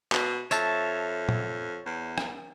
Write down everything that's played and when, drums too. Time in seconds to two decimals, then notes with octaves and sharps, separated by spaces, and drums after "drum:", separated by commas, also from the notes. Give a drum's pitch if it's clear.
0.12 B2, drum: clap
0.51 F2 C#5 E5 A5, drum: tambourine
1.29 drum: tom
1.86 E2
2.18 drum: rim click